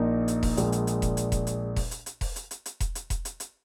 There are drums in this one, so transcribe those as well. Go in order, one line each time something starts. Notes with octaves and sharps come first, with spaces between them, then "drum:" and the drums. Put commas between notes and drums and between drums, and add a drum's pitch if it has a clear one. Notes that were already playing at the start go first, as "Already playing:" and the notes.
Already playing: A#1 A#2 A#3 D#4 A#4
drum: hi-hat
drum: kick E1, open hi-hat
A#1 A#2 G#3, drum: hi-hat
drum: hi-hat
drum: hi-hat
drum: kick E1, hi-hat
drum: hi-hat
drum: kick E1, hi-hat
drum: hi-hat
drum: kick E1, open hi-hat
drum: hi-hat
drum: hi-hat
drum: kick E1, open hi-hat
drum: hi-hat
drum: hi-hat
drum: hi-hat
drum: kick E1, hi-hat
drum: hi-hat
drum: kick E1, hi-hat
drum: hi-hat
drum: hi-hat